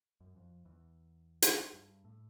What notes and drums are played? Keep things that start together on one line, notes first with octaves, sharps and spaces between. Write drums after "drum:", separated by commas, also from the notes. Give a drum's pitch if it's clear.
F#2
F2
E2
drum: hi-hat
G2
A2